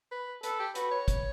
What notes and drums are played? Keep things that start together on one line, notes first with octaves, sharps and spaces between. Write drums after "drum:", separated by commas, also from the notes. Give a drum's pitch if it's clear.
B4
A4 B4, drum: hi-hat
G4
F#4 B4, drum: hi-hat
C#5
drum: kick, hi-hat